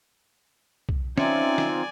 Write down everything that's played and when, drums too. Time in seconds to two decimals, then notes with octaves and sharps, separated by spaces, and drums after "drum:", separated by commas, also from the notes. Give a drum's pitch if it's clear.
0.89 drum: kick
1.18 C4 C#4 D#4 F4 D5 E5 G#5, drum: snare
1.58 drum: snare